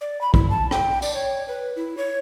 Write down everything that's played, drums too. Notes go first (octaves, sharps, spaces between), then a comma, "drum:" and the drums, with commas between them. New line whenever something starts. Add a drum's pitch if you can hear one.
D5
B5
E4, drum: kick
A5
G5, drum: rim click
D5, drum: tambourine
C#5
B4
E4
C#5